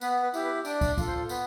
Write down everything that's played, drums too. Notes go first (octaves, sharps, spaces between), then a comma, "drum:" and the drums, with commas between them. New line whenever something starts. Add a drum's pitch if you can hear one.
B3 B4, drum: tambourine
B4
E4 G4, drum: tambourine
B4
D4 D5, drum: tambourine
drum: kick, tambourine
F4 A4, drum: kick, tambourine
C5
B3 B4, drum: tambourine